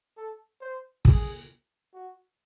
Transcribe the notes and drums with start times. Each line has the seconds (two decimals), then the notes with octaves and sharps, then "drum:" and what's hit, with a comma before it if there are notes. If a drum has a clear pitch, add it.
0.17 A4
0.61 C5
1.05 G#4, drum: kick
1.94 F#4